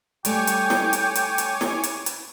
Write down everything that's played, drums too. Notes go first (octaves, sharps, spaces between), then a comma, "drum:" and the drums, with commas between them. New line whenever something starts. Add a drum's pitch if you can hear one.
G3 A3 C#5 G5 G#5 D6, drum: hi-hat
drum: hi-hat
drum: snare
drum: hi-hat
drum: hi-hat
drum: hi-hat
drum: snare
drum: hi-hat
drum: hi-hat